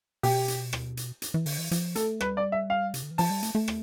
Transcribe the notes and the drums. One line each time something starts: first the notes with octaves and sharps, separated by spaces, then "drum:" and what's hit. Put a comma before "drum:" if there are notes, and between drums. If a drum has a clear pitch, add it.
B2 G4, drum: open hi-hat
drum: hi-hat
drum: rim click
drum: hi-hat
drum: hi-hat
E3
D3, drum: open hi-hat
E3
F3, drum: hi-hat
A3 A4, drum: hi-hat
G3 B4, drum: rim click
D5
E5
F5
C3, drum: hi-hat
D3
E3
F3 A5, drum: open hi-hat
G3
A3, drum: hi-hat
A3
drum: rim click